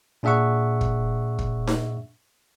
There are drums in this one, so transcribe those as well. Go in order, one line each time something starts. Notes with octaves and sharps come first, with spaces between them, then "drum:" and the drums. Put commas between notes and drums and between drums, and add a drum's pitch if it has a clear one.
A#2 D4 G#4 E5 F#5 C#6
drum: kick
drum: kick
drum: snare D#4